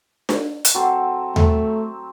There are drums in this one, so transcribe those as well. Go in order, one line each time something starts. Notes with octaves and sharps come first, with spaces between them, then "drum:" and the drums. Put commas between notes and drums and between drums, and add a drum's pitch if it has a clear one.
drum: snare D4
drum: hi-hat
F#3 C4 A4
A3, drum: tom D#2